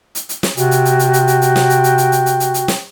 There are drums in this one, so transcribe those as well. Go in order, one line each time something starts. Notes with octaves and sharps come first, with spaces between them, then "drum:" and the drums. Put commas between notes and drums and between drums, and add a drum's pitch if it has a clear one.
drum: hi-hat
drum: hi-hat
drum: snare
C3 F#4 G5, drum: hi-hat
drum: hi-hat
drum: hi-hat
drum: hi-hat
drum: hi-hat
drum: hi-hat
drum: hi-hat
drum: snare
drum: hi-hat
drum: hi-hat
drum: hi-hat
drum: hi-hat
drum: hi-hat
drum: hi-hat
drum: hi-hat
drum: snare